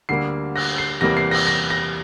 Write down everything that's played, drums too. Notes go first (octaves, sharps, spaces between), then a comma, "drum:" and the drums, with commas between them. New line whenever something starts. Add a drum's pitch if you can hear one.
D2 D3 G3 A#3 C7
A#6, drum: cymbal
C7
E2 C3 E3 G3 A#3 A#6
C7
A#6, drum: cymbal
A#6
A#6